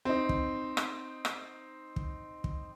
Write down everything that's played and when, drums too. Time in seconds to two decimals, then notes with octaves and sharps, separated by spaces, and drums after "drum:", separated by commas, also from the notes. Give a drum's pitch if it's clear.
0.05 C4 D#4
0.29 drum: kick
0.77 drum: rim click
1.25 drum: rim click
1.96 drum: kick
2.44 drum: kick